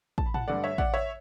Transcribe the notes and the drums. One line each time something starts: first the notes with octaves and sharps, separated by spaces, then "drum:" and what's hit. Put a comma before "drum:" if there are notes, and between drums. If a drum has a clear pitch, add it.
A5, drum: kick A1
B5
F#5 A5, drum: tom
G2 D3 A3 D5 F#5
C#5 E5
D5 F#5, drum: kick A1
C#5 E5